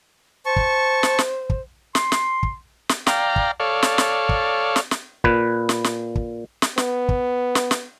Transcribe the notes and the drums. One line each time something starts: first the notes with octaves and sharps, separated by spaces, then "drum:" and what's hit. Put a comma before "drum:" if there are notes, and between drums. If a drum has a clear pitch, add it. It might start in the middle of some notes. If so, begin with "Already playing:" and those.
C5 A5 C#6
drum: kick
drum: snare
drum: snare
drum: kick
C6, drum: snare
drum: snare
drum: kick
drum: snare
D5 F5 G5 A#5, drum: snare
drum: kick
A4 C#5 D5 F5
drum: snare
drum: snare
drum: kick
drum: snare
drum: snare
A#2 B4, drum: kick
drum: snare
drum: snare
drum: kick
drum: snare
B3, drum: snare
drum: kick
drum: snare
drum: snare